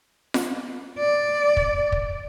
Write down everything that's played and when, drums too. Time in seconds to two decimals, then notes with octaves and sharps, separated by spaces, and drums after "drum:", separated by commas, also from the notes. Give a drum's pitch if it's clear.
0.34 drum: snare F4
0.99 D5
1.57 drum: kick
1.92 drum: kick